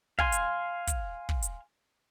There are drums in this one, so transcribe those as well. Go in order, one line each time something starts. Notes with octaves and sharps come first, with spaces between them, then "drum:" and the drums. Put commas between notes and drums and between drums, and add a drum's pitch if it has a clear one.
F5 G#5 C6, drum: kick
drum: hi-hat
drum: kick, hi-hat
drum: kick
drum: hi-hat